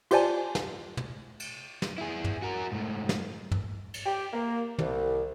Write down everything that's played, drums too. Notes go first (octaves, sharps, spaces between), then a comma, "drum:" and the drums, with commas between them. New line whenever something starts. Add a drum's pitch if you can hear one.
F4 G4 C5 D5 G#5 A5, drum: cymbal
drum: snare
drum: tom
drum: cymbal
drum: snare
E4 G#4
drum: tom
F#4 A#4
G#2 A3
drum: snare
drum: tom
drum: cymbal
G4
A#3
C2, drum: tom